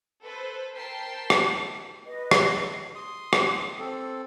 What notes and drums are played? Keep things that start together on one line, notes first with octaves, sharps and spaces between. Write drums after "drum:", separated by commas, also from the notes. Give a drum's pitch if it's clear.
A4 B4 C5
A#4 C5 G5 A5 B6 C7
drum: rim click
B4 D#5
drum: rim click
C6 D#6
drum: rim click
C4 A4